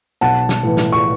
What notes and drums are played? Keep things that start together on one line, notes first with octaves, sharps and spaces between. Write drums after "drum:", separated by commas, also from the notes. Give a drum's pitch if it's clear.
B1 F#5 A5
drum: snare
A2 E3
drum: snare
C#6